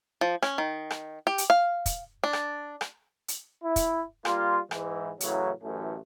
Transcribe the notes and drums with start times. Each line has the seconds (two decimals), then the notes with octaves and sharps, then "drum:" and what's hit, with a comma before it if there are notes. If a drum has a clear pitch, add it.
0.21 F3
0.42 C#4, drum: rim click
0.58 D#3
0.90 drum: rim click
1.27 G4
1.38 drum: hi-hat
1.50 F5
1.86 drum: kick, hi-hat
2.24 D4
2.33 drum: rim click
2.81 drum: rim click
3.28 drum: hi-hat
3.63 E4
3.76 drum: kick, hi-hat
4.25 G3 A#3 F4, drum: rim click
4.71 G#2 E3, drum: rim click
5.20 A2 C#3 E3 F#3, drum: hi-hat
5.62 A1 F#2 E3 A3 C#4